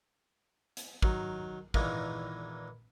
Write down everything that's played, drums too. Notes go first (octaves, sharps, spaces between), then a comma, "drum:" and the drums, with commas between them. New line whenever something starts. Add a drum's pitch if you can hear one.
drum: hi-hat
D#3 F#3, drum: kick
E2 A#2 D#3 E3 G#3 A#3, drum: kick